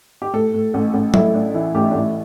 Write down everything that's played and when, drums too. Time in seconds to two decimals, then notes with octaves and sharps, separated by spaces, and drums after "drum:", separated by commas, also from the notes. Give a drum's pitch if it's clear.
0.22 G4
0.33 A2 A4
0.54 A2
0.74 A1
0.94 A1
1.14 A2 E4, drum: tom F#3
1.34 A2 D4
1.54 E3 E4
1.75 A1 G4
1.83 E4
1.91 D4
1.94 A1 E4